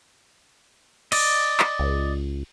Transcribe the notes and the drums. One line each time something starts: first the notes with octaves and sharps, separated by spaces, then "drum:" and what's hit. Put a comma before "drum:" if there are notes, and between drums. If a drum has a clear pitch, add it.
D5 D#5, drum: cymbal
drum: clap
C#2